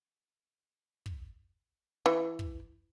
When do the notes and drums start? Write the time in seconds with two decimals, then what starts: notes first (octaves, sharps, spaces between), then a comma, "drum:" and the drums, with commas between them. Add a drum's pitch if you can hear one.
1.06 drum: kick
2.06 E3
2.39 drum: kick